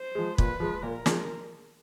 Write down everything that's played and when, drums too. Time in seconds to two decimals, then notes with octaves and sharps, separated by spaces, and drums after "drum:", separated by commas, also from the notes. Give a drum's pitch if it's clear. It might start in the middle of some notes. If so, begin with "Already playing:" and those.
Already playing: C5
0.15 F3 G#3
0.38 A#2 B4, drum: kick
0.60 F3 G#3
0.83 A#2 A#4
1.06 F3 G#3, drum: snare